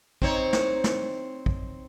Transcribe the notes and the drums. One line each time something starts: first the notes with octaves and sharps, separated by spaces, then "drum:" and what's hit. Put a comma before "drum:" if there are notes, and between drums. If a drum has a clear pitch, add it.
C4 D#4 C#5, drum: kick A#1
drum: snare
drum: snare
drum: kick A#1